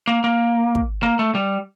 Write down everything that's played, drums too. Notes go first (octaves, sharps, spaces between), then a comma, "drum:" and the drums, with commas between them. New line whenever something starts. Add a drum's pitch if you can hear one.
A#3
A#3
drum: kick
A#3
A3
G3